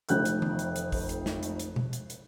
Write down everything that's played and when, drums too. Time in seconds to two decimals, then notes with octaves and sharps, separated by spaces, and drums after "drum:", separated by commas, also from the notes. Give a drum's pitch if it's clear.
0.09 F1 F2 F#6 G6, drum: hi-hat
0.25 drum: hi-hat
0.42 drum: tom D#3
0.59 drum: hi-hat
0.76 drum: hi-hat
0.92 drum: kick A1, open hi-hat
1.09 drum: hi-hat
1.26 drum: snare
1.43 drum: hi-hat
1.59 drum: hi-hat
1.76 drum: tom B2
1.93 drum: hi-hat
2.10 drum: hi-hat